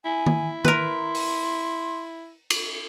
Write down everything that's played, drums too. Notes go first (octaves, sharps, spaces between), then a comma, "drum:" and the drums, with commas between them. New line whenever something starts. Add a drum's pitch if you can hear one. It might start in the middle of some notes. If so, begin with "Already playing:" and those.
E4 G#5
drum: tom D#3
A#4 B4 C6, drum: tom D#3
drum: open hi-hat
drum: cymbal